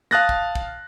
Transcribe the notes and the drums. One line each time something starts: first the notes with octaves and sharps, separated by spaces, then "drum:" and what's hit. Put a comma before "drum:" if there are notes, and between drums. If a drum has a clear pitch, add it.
F5 A5 D#6 F#6 A6 A#6, drum: snare
drum: kick
drum: kick